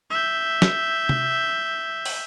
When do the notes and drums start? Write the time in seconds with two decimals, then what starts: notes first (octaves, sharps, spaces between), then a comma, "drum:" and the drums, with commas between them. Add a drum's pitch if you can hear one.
0.10 E5 G6
0.62 drum: snare
1.09 drum: tom C3
2.05 drum: open hi-hat